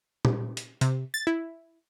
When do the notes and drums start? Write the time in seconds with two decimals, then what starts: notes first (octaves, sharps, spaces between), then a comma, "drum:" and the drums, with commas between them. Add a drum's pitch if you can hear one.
0.25 drum: tom A#2
0.57 drum: hi-hat
0.81 C3, drum: hi-hat
1.14 A6
1.27 E4